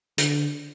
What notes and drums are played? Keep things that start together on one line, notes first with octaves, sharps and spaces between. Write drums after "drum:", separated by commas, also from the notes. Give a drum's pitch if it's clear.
D3, drum: hi-hat